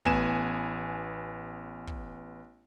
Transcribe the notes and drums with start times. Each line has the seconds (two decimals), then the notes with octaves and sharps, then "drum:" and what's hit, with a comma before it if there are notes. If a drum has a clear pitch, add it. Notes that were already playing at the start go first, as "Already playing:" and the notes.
0.05 A1 B3 G#5 E7, drum: kick
1.87 drum: kick